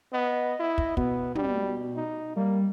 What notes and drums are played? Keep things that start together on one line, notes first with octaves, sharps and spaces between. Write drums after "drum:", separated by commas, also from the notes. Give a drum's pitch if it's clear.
B3 D#5
E4
drum: kick
B2 B3, drum: kick
G3, drum: tom
D#4
G3 A#3